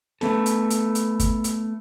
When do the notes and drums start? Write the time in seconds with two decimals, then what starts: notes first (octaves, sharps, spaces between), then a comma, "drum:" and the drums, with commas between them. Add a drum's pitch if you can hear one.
0.21 A3 B3 A4, drum: snare
0.46 drum: hi-hat
0.70 drum: hi-hat
0.95 drum: hi-hat
1.20 drum: kick, hi-hat
1.44 drum: hi-hat